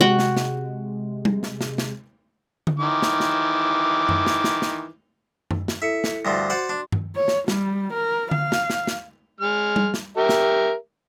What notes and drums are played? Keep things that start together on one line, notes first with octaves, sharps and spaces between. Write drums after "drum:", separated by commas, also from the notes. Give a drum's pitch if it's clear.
C3 G#3 F#4 F#5 G5
drum: snare
drum: snare
drum: tom G3
drum: snare
drum: snare
drum: snare
drum: tom D3
D#3 E3 D6
drum: snare
drum: snare
drum: tom F#2
drum: snare
drum: snare
drum: snare
drum: tom F#2
drum: snare
E4 A4 E5 C#7
drum: snare
D2 G2 F3
F#4 C5 D5 F#5 C6
D4
drum: tom G2
C#5
drum: snare
G3, drum: snare
A#4
F5, drum: tom D3
drum: snare
drum: snare
drum: snare
G#3 F6
drum: tom G3
drum: snare
G4 A#4 E5
drum: snare